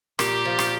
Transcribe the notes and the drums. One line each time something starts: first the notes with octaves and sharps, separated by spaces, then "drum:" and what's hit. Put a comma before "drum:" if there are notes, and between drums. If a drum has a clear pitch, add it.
A#2 G4, drum: rim click
F3
drum: rim click